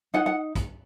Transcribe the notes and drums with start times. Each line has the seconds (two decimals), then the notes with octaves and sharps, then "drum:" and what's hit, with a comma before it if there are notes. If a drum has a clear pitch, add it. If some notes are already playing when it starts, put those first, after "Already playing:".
0.14 D#4 F#5
0.26 F#5
0.55 drum: kick, hi-hat